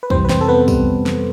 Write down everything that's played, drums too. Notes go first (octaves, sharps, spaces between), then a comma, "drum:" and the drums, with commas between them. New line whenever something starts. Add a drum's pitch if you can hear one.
B4
F2 C3 E3 G3 C4 C5, drum: kick
B4
C4 C5, drum: snare
A4
B3 B4
G3, drum: kick, tambourine
drum: snare